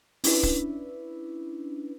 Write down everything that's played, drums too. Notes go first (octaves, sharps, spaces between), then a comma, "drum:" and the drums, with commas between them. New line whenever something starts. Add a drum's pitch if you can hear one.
C#4 D4 E4 B4, drum: open hi-hat
drum: kick